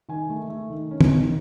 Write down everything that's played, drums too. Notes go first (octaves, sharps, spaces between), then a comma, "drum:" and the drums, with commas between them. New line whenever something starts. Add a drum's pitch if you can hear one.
D#3 G#5
A3
A3
D#3
C#4
drum: tom
D#3